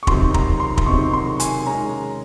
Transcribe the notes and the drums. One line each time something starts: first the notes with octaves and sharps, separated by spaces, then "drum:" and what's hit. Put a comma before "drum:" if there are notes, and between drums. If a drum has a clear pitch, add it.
C#6
C3 D#3 F#3 C4 D#4 C6, drum: kick
A#5, drum: kick
C6
C6, drum: kick
C3 D#3 F#3 C4 D#4 C#6
C6
G#5, drum: hi-hat
D#3 G#3 C#4 A#5